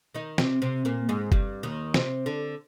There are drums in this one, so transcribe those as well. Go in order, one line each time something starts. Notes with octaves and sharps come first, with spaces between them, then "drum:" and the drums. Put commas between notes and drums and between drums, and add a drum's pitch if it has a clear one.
D#3 D#4
C3 C4, drum: snare
C3 C4
A#2 A#3
G#2 G#3
G2 G3, drum: kick F#1
D#2 D#3
C3 C4, drum: snare
D3 D4